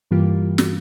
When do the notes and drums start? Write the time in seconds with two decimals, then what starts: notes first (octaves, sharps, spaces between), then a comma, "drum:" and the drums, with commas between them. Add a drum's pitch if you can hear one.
0.11 G2 E3 G3 A#3 F4 G4
0.58 drum: snare